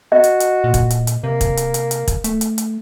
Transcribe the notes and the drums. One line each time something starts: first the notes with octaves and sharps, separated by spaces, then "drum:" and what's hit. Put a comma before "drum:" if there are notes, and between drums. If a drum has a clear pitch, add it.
F#4 D#5
drum: hi-hat
drum: hi-hat
A#2
drum: kick, hi-hat
drum: hi-hat
drum: hi-hat
C3 A#3
drum: kick, hi-hat
drum: hi-hat
drum: hi-hat
drum: hi-hat
drum: kick, hi-hat
A3, drum: hi-hat
drum: hi-hat
drum: hi-hat